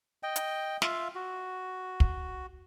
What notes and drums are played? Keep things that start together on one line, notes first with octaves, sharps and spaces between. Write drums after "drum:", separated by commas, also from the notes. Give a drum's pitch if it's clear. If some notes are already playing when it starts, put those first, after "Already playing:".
D#5 G5
drum: hi-hat
F4 E5 F5, drum: snare
F#4
drum: kick